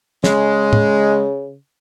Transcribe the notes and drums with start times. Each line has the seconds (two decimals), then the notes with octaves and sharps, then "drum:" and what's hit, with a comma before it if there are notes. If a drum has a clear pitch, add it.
0.24 C#3 G#3, drum: snare
0.73 drum: tom